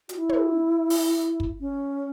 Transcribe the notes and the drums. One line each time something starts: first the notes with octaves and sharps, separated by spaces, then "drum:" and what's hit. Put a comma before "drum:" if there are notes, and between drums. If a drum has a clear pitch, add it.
F#4, drum: hi-hat
E4
drum: tom
drum: open hi-hat
drum: kick
C#4